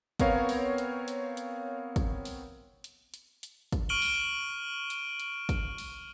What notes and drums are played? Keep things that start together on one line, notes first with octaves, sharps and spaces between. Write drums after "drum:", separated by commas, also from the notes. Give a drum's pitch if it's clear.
B3 C4 A#4 C#5 F5, drum: kick, hi-hat
drum: open hi-hat
drum: hi-hat
drum: hi-hat
drum: hi-hat
drum: kick, hi-hat
drum: open hi-hat
drum: hi-hat
drum: hi-hat
drum: hi-hat
drum: kick, hi-hat
C#6 F6 D7 D#7 F#7 G7
drum: open hi-hat
drum: hi-hat
drum: hi-hat
drum: kick, hi-hat
drum: open hi-hat